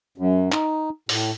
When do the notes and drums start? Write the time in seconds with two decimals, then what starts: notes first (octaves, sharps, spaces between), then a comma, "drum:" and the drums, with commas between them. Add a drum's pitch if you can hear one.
0.18 F#2
0.52 D#4, drum: clap
1.09 A2, drum: open hi-hat